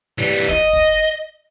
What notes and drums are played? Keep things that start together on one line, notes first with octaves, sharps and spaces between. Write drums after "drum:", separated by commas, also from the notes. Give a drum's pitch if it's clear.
E3 G3
D#5, drum: kick
drum: kick